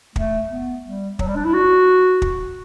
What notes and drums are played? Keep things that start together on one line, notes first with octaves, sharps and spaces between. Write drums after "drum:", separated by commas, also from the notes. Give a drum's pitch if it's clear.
A3, drum: kick
B3
G3
F#3, drum: kick
G3
D4
E4
F#4
drum: kick